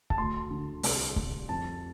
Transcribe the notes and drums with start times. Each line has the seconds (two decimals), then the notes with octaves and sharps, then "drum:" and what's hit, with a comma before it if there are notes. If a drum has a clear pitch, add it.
0.10 A5, drum: kick C#1
0.17 D2 C6
0.51 D3
0.83 C2, drum: open hi-hat
1.16 C2, drum: kick C#1
1.49 F2 A5